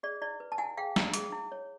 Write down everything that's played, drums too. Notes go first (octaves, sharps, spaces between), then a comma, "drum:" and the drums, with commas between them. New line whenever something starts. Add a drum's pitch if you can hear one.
G#4 D5
E4 D5
B4
A5
E4 F#5 G#5
G#4 F5 G5
E4, drum: snare
G#4, drum: hi-hat
E4
C#5